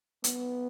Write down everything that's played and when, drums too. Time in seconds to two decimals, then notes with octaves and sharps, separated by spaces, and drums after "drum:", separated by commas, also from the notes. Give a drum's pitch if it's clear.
0.24 B3, drum: hi-hat